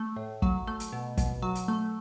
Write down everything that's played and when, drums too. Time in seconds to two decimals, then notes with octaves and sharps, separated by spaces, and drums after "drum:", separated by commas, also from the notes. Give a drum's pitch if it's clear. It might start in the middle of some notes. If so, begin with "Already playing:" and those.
Already playing: A3
0.16 A2
0.42 F#3, drum: kick
0.67 A3
0.80 drum: hi-hat
0.93 B2
1.17 B2, drum: kick, hi-hat
1.42 F#3
1.55 drum: hi-hat
1.68 A3